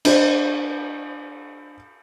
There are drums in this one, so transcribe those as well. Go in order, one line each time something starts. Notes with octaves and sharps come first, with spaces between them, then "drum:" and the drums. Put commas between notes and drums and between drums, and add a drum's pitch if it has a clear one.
D4 C5, drum: cymbal